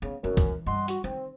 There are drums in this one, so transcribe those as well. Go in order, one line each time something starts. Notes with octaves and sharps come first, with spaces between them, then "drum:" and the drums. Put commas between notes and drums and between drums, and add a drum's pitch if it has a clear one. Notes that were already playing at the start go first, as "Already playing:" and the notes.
C#3 B3
F#2 D#3 C4
E3, drum: kick, hi-hat
G2 D#5 F#5 C6
F#4, drum: hi-hat
D#3 C4